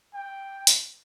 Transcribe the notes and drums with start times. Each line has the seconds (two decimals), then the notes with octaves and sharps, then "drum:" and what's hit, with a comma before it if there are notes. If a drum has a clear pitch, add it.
0.14 G5
0.67 drum: hi-hat